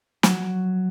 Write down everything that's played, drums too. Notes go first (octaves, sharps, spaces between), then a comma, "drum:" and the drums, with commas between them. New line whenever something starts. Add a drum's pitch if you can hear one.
F#3, drum: snare